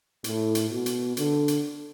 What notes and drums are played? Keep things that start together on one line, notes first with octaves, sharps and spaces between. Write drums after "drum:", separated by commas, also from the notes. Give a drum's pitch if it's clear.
A2, drum: hi-hat
drum: hi-hat
B2
drum: hi-hat
D3, drum: hi-hat
drum: hi-hat